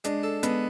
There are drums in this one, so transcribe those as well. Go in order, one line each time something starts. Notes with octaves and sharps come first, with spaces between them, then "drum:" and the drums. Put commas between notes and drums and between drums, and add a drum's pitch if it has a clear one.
G#3 D4, drum: hi-hat
A4
G#3 B3, drum: hi-hat